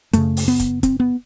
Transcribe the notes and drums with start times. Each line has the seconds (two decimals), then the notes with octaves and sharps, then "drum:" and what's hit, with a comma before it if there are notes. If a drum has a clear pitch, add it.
0.13 F#2 C#3 A3, drum: hi-hat
0.37 drum: open hi-hat
0.48 B3
0.60 drum: kick, hi-hat
0.83 C4, drum: kick, hi-hat
1.00 B3